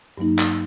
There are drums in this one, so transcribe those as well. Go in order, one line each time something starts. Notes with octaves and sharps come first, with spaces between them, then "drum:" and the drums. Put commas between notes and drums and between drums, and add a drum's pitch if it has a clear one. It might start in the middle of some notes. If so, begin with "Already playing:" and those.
G2 F#3 A#3 D#4
drum: clap